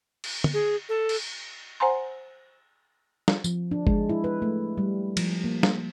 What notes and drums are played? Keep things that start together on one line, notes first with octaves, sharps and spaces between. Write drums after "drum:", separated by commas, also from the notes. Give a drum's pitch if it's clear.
drum: cymbal
drum: tom
G#4
A4
drum: cymbal
C5 F#5 G#5 A#5 C6
drum: snare
F3, drum: tambourine
D4
G#3, drum: kick
E4
B4
A3
G3
F3, drum: cymbal
A#3
drum: snare